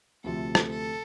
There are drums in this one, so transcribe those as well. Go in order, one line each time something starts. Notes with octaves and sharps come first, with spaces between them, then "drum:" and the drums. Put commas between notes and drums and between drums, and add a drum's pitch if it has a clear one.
D2 C3 F3 A3 A4
drum: rim click
A4